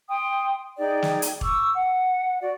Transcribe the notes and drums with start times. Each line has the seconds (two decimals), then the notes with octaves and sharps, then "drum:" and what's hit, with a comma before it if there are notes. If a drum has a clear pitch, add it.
0.08 G5 C6 D#6
0.77 D#4 G#4 D5 G5
1.02 drum: snare
1.22 drum: hi-hat
1.41 C#6 D6 E6, drum: kick E1
1.74 F#5
2.41 F#4 D5